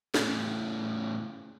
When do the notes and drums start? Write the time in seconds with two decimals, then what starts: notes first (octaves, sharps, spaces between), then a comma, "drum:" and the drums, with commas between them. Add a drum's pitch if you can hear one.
0.14 A2 C#3, drum: snare